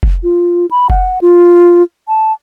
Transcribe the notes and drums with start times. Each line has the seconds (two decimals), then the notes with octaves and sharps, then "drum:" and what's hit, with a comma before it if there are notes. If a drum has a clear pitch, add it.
0.03 drum: kick F1
0.23 F4
0.71 B5
0.90 F#5, drum: kick F1
1.21 F4
2.08 A5